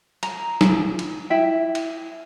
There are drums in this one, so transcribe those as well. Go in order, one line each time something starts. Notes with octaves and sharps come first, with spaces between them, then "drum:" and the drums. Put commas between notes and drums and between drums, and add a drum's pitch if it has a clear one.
A#5, drum: cymbal
drum: snare
drum: cymbal
E4 E5 G5
drum: cymbal